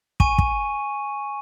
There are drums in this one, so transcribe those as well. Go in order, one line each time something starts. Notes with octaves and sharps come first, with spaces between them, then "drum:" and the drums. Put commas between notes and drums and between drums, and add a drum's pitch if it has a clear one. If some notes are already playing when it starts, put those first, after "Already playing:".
G#5 C#6 D#7, drum: kick
drum: kick